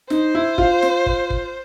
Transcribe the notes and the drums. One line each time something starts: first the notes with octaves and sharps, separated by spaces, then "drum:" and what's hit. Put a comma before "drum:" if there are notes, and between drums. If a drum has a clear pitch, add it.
D#4 C5, drum: snare
E4
F4, drum: kick
drum: snare
drum: kick
drum: kick